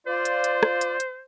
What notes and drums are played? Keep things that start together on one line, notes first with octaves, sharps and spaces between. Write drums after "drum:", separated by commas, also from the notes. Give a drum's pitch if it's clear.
F4 C5 D5
drum: hi-hat
drum: hi-hat
drum: rim click
drum: hi-hat
drum: hi-hat